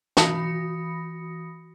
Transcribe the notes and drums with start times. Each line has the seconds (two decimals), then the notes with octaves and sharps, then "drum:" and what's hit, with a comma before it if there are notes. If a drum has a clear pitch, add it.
0.17 E3 F#4 B5 D#6 A#6 C#7, drum: snare